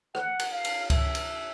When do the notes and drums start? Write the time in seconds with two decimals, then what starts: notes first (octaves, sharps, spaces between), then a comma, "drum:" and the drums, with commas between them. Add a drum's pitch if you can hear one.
0.15 F#5, drum: rim click
0.39 drum: cymbal
0.52 F5
0.65 drum: cymbal
0.90 E5, drum: kick C#2, cymbal
1.15 drum: cymbal